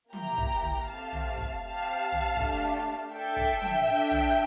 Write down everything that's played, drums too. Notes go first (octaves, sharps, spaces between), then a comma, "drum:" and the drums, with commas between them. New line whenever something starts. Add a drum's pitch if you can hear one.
A#3 E4 G4 G5 A#5, drum: tom
drum: kick
drum: tom
A3 C4 G4 F5 A5
drum: tom
drum: kick
C4 G4 F5 A5
drum: tom
A3 D4 G4, drum: kick
D4 A4 E5 G5
drum: kick
drum: tom
D4 A4
drum: tom